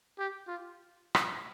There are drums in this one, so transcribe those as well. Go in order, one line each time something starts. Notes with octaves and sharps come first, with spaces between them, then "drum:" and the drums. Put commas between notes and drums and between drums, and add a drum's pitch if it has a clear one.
G4
F4
drum: rim click